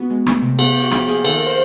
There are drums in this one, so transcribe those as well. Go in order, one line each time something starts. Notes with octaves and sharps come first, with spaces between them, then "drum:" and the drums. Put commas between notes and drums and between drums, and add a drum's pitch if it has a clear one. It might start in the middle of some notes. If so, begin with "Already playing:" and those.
Already playing: B3 F#4
G#3
A3, drum: rim click
C3
B3 G4, drum: cymbal
G4
B3
F#4
F3 G4, drum: rim click
A#3 G#4
D#3 A4, drum: cymbal
A#4
C5